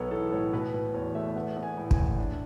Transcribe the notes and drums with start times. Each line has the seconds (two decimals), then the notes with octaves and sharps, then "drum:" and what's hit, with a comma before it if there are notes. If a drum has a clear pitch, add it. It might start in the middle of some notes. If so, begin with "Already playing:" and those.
Already playing: B1 B3 A4 C#5
0.11 E3 A4
0.32 A2 C#5
0.53 B2 B4
0.74 B2 B4
0.94 E2 C#5
1.15 A3 E5
1.35 B3 F#5
1.57 B3
1.63 G#5
1.78 A2
1.91 G#5, drum: kick
1.97 A1
2.19 D4